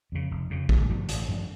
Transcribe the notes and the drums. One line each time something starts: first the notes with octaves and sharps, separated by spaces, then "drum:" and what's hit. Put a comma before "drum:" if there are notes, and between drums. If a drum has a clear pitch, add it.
F2 C#3
F1
F2 C#3
A1, drum: kick
G2 F3 A3
A1, drum: hi-hat
G2 F3 A3